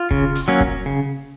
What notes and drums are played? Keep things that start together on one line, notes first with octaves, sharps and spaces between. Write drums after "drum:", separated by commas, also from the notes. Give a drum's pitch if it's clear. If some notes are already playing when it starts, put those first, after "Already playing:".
Already playing: F4
C#3, drum: kick
drum: hi-hat
F#3 A#3 C#4
drum: kick
C#3